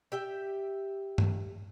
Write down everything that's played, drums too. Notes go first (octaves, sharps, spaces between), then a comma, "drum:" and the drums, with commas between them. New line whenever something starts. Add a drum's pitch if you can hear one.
G4 E5 G5
drum: tom G2